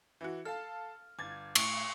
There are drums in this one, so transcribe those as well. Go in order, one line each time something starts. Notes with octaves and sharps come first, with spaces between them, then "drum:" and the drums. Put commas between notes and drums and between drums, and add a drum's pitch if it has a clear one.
E3 F#4
A4 F5 A5 F6
G1 D6 G#6 A6
A2 C#6 C#7 D7, drum: cymbal